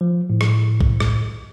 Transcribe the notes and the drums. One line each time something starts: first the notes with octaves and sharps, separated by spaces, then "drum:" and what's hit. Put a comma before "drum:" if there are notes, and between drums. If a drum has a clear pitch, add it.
F3
A2
drum: rim click
drum: kick A#1
drum: rim click